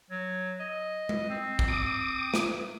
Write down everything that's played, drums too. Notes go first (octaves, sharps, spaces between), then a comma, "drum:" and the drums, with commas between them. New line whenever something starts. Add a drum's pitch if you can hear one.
F#3
D#5
drum: tom G#3
C4
drum: kick A1
D6 D#6
drum: snare